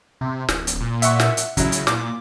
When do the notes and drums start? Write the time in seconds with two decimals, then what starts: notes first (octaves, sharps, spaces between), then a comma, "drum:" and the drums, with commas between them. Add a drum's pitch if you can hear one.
0.21 C3
0.49 D1, drum: snare
0.67 drum: hi-hat
0.80 A#2
1.02 E5 F#5 C#6, drum: hi-hat
1.20 drum: snare
1.37 drum: hi-hat
1.57 C#3 F#3 E4, drum: kick, hi-hat
1.72 drum: hi-hat
1.87 A#2 D6, drum: snare